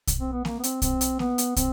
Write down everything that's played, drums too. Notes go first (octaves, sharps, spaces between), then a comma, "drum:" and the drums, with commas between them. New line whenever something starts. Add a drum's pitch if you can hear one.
drum: kick, hi-hat
C4
B3
A#3, drum: snare A#3
B3
C4, drum: hi-hat
C4, drum: kick, hi-hat
drum: hi-hat
B3, drum: snare A#3
drum: hi-hat
C4, drum: kick, hi-hat